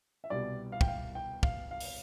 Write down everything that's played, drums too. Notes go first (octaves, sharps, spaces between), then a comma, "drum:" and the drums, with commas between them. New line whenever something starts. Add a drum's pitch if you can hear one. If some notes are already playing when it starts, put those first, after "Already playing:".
E5
C2 B2 G3 D5
F5
G5, drum: kick
F5
G5
F5, drum: kick
F5
drum: open hi-hat